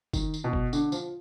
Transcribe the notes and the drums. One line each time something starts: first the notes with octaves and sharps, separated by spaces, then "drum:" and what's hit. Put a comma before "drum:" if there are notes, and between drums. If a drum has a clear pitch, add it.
D#3, drum: kick, tambourine
drum: tambourine
B2
drum: kick
D3, drum: tambourine
F3, drum: tambourine